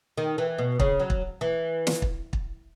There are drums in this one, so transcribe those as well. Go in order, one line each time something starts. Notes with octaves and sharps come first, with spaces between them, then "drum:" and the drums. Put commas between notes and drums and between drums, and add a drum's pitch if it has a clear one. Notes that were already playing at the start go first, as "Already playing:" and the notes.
D#3
E3
B2
C#3, drum: kick
F#3
drum: kick
E3
drum: snare
drum: kick
drum: kick